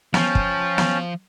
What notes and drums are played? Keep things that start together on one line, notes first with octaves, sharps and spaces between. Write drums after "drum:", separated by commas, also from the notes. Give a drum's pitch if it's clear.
F3 C#4 G5 A5, drum: snare
drum: kick
drum: snare